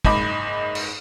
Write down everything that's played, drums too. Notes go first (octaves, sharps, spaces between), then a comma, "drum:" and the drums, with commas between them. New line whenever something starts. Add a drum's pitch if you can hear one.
F#1 G#2 D#5 B5 D6, drum: kick
drum: cymbal